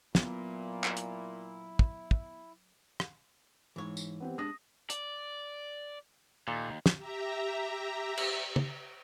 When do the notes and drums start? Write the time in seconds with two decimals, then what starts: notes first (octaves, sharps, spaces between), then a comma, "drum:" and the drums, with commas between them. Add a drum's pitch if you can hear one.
0.15 A#2 F#3 B3 E4, drum: snare
0.84 drum: clap
0.97 drum: hi-hat
1.79 drum: kick
2.11 drum: kick
3.00 drum: rim click
3.76 G#2 E3 C#5
3.97 drum: tambourine
4.20 B3 C4 G4
4.38 G#3 D4 D#6 A#6
4.90 D5, drum: hi-hat
6.48 D#2 A#2 A4
6.86 drum: snare
6.97 G4 E5 A#5
8.18 drum: cymbal
8.56 drum: tom